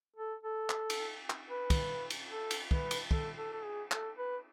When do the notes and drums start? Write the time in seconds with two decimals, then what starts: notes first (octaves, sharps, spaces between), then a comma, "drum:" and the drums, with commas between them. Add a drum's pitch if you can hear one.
0.16 A4
0.43 A4
0.70 drum: clap
0.90 drum: cymbal
1.30 drum: clap
1.50 B4
1.70 drum: kick, cymbal
2.10 drum: cymbal
2.30 A4
2.51 drum: cymbal
2.71 B4, drum: kick
2.91 drum: cymbal
3.11 A4, drum: kick
3.38 A4
3.53 A4
3.65 G#4
3.91 A4, drum: clap
4.18 B4